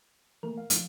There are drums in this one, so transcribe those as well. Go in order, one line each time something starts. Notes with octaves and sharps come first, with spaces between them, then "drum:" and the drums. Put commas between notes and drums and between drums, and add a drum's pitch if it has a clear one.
E3 A3 A#3 A#4
F5
F3, drum: hi-hat